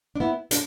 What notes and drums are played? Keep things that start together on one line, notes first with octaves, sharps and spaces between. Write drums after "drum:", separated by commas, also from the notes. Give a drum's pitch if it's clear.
D4
B3 E4
D4, drum: hi-hat